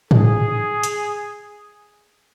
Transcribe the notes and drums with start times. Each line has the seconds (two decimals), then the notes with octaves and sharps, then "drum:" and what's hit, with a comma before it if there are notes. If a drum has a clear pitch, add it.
0.11 G#4, drum: tom G#2
0.83 drum: hi-hat